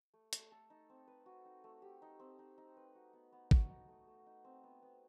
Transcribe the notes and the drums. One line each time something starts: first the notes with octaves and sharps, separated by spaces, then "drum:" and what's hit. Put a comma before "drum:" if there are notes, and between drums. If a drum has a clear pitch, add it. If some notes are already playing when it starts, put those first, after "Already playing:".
A3
A3, drum: hi-hat
A4
D#4
C4
B4
F#4
D#4
A3
G4
D#4
C4
D#4
D#4
B4
F#4
B3
B3
F#4, drum: kick
D#4
A3
A3
D#4
C4
B3
B3